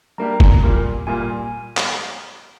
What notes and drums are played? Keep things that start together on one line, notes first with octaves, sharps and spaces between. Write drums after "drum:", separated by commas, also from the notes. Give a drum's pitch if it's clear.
G3 A#3 D4 G4 A#5
G#5, drum: kick F#1
A#2 G3 A#3
A#2 G3 A#3 G#5
drum: clap